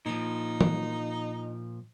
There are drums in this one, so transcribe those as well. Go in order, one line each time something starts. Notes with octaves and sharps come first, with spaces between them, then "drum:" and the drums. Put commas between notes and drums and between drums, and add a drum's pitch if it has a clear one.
A#2 F3 D#4
drum: tom